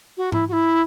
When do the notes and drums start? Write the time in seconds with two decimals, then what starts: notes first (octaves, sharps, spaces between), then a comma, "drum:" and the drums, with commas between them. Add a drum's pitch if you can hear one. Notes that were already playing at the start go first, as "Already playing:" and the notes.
0.17 F#4
0.32 E4, drum: tom G#2
0.48 F#4
0.52 E4